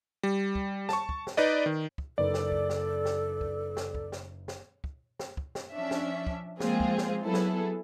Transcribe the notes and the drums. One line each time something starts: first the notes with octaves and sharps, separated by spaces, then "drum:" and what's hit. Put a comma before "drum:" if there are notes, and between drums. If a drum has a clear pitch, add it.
G3
drum: kick
A5 C#6, drum: snare
drum: kick
drum: snare
D#4 B4 D5 D#5
D#3
drum: kick
F#1 D#4 A4 B4 D5
drum: snare
drum: kick
drum: snare
drum: snare
drum: kick
drum: snare
drum: kick
drum: snare
drum: snare
drum: kick
drum: snare
drum: kick
drum: snare
F3 C#4 D4 E5
drum: snare
drum: kick
F3 G#3 A#3 C4 F4 G#4, drum: snare
drum: kick
drum: snare
F#3 B3 E4 G#4 A4
drum: snare